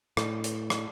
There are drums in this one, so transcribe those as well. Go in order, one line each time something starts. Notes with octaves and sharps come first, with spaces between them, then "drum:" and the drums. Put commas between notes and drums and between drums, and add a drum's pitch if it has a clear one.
A2, drum: rim click
drum: hi-hat
drum: rim click